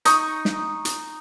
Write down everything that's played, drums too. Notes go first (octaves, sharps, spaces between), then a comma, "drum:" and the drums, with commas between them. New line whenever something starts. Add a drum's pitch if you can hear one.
D#4 C#6 D#6, drum: hi-hat
drum: snare
drum: hi-hat